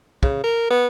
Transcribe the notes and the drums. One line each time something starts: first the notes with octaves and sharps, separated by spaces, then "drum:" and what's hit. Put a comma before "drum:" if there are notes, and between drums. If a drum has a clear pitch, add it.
C#3, drum: kick
A#4
B3